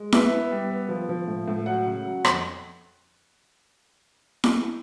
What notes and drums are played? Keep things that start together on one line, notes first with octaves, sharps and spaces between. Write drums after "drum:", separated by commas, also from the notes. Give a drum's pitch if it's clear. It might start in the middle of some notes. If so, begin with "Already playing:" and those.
Already playing: G#3
B3 E5, drum: snare E4
B3
G3
B3
F3
F3
A2
A2
F#3 F#5
C#3
F#3
F2, drum: rim click
drum: snare E4